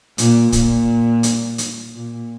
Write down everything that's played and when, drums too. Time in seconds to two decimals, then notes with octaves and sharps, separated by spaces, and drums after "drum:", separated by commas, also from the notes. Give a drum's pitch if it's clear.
0.18 A#2, drum: hi-hat
0.52 A#2, drum: kick, hi-hat
1.23 drum: hi-hat
1.58 drum: hi-hat
1.94 A#2